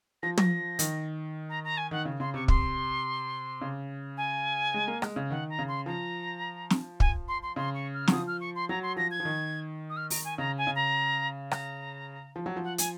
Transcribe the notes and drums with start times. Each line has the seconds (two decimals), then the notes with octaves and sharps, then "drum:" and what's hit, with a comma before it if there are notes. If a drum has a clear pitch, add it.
0.22 F3 A#6
0.38 A#6, drum: tom
0.79 D#3, drum: hi-hat
1.49 A#5
1.64 A#5
1.77 G#5
1.91 D#3 F#5
2.05 C#3
2.20 C#3 C6
2.34 C3 C#6
2.48 C6, drum: kick
3.61 C#3
4.17 G#5
4.74 G#3
4.88 A#3
5.02 G#3, drum: rim click
5.16 C#3
5.30 D#3 F#5
5.49 A#5
5.59 C#3
5.68 C6
5.86 F3 A#5
6.70 drum: snare
7.00 G#5, drum: kick
7.28 C6
7.42 C6
7.56 C#3 C6
7.74 C#6
7.94 F6
8.08 F#3, drum: snare
8.12 F3 D#6
8.27 F6
8.40 C#6
8.55 C6
8.69 F#3 A#5
8.82 C6
8.96 F3 A#6
9.11 G#6
9.20 F3
9.25 D#3
9.89 D#6
9.96 F6
10.10 A#5, drum: open hi-hat
10.24 G#5
10.38 C#3 A#5
10.57 G#5
10.67 C#3
10.75 A#5
11.51 A#5, drum: rim click
12.36 F3
12.46 F#3
12.56 F3
12.64 F#5
12.78 G#5, drum: hi-hat